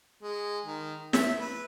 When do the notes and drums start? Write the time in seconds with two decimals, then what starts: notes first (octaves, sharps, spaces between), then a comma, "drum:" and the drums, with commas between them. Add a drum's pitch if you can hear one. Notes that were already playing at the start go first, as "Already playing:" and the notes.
0.23 G#3
0.66 D#3
1.13 E5, drum: snare
1.40 B4